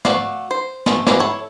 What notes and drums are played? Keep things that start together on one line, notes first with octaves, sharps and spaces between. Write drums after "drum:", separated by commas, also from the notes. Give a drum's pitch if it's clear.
A3 F#4 D5 F5, drum: snare
C5
G#3 A3, drum: snare
G#3 A#3 E4 F#4 G4, drum: snare
E4 A4 C#5